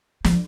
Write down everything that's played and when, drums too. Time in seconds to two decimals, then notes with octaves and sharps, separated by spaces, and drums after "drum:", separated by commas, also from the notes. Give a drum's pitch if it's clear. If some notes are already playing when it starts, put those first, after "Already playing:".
0.24 F3, drum: snare